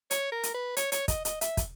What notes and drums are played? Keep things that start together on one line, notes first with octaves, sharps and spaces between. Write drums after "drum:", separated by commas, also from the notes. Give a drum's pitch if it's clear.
C#5, drum: hi-hat
A#4
drum: hi-hat
B4
C#5, drum: hi-hat
C#5, drum: hi-hat
D#5, drum: kick, hi-hat
D#5, drum: hi-hat
E5, drum: hi-hat
drum: kick, hi-hat